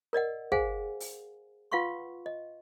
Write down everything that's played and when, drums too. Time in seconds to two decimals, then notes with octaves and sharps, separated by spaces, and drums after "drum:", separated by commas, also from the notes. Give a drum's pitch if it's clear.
0.13 A#4 D5 D#5 F#5
0.52 G#4 C5 F5 F#5 G#5, drum: kick
1.00 drum: open hi-hat
1.72 F4 B4 F5 F#5 C6 C#6
2.26 D#5